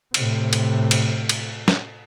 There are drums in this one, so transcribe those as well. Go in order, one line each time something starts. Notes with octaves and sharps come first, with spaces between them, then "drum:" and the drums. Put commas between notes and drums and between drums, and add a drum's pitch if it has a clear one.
A2 C3, drum: cymbal
drum: cymbal
drum: cymbal
drum: cymbal
drum: snare